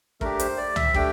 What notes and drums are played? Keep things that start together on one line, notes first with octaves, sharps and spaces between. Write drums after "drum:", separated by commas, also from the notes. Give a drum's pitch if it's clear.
A3 D4 G4 A#4, drum: kick
C5, drum: hi-hat
D5
E5, drum: tom C#2
A3 D4 G4 G5, drum: kick